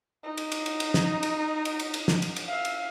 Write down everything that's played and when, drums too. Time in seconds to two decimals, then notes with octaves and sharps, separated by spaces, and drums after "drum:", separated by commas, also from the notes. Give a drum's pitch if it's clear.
0.23 D#4
0.37 drum: cymbal
0.52 drum: cymbal
0.66 drum: cymbal
0.80 drum: cymbal
0.94 drum: snare
1.23 drum: cymbal
1.65 drum: cymbal
1.80 drum: cymbal
1.94 drum: cymbal
2.08 drum: snare
2.22 drum: cymbal
2.36 drum: cymbal
2.47 E5 F5
2.65 drum: cymbal